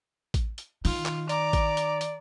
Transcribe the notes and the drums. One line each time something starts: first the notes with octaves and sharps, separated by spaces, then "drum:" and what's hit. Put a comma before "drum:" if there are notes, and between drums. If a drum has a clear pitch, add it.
drum: kick A1, hi-hat
drum: hi-hat
D#3 F4, drum: open hi-hat
drum: clap
D5 A#5 D6, drum: hi-hat
drum: kick A1, hi-hat
drum: hi-hat
drum: hi-hat